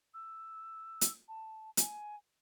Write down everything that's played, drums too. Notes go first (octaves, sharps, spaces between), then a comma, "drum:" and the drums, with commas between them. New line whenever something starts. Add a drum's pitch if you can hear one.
E6
drum: hi-hat
A5
G#5, drum: hi-hat